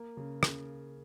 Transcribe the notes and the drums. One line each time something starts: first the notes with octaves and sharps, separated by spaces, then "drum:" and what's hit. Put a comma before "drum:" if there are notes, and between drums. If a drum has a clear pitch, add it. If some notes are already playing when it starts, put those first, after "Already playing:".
Already playing: A#3
C#3
C#3, drum: rim click